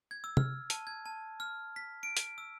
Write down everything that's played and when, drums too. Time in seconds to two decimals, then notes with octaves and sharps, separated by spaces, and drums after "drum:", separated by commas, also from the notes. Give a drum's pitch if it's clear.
0.11 G#6
0.24 E6
0.37 F6, drum: tom
0.70 A5, drum: hi-hat
0.87 G#6
1.06 A5
1.40 F6
1.76 B6
2.03 D7
2.17 drum: hi-hat
2.38 E6